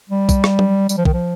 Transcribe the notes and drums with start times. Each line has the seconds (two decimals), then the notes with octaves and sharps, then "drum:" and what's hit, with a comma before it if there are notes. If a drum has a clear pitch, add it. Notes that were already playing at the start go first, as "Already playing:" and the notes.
0.09 G3
0.29 drum: kick B1, tambourine
0.44 drum: rim click
0.59 drum: tom F#3
0.89 G3, drum: tambourine
0.98 F3
1.05 D#3, drum: kick B1
1.13 F3